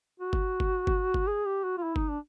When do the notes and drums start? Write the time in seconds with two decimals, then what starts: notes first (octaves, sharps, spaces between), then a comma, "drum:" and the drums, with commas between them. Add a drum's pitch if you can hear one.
0.20 F#4
0.33 drum: kick G1
0.60 drum: kick G1
0.87 drum: kick G1
1.14 drum: kick G1
1.27 G#4
1.45 G4
1.64 F#4
1.77 F4
1.83 E4
1.96 D#4, drum: kick G1
2.09 D4